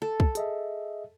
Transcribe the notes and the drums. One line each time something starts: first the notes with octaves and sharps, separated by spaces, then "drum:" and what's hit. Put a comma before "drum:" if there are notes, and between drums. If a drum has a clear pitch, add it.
A4
drum: kick
G#4 D#5 E5, drum: hi-hat